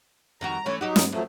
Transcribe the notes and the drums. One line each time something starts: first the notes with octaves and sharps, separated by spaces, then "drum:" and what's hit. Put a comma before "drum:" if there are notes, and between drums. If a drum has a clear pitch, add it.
F2 D#3 F#4 A#5
E3 A3 C#4 C#5
F#3 D#4 F#4 G4
G2, drum: snare
E2 F3 F#3 A3